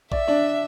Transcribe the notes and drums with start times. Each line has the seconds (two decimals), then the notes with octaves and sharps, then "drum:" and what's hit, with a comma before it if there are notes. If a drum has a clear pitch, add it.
0.12 D5 E5, drum: kick A#1
0.28 D4 D5